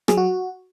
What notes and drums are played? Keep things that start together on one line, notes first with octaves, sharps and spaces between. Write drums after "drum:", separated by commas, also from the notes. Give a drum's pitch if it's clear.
F#3 G#4, drum: rim click
F#4